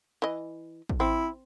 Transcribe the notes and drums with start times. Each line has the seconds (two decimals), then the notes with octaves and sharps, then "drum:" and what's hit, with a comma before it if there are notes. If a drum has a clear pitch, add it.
0.22 E3 D#5
0.89 drum: kick
1.00 C4 E4